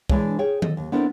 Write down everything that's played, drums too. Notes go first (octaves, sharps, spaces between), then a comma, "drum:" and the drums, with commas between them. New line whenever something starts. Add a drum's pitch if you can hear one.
E3 G#3 D4 E4 C#5 D5, drum: kick
G#4 C#5 G5
A4 D#5, drum: tom D#3
D#2
B3 C4 D4 E4 A4 A#4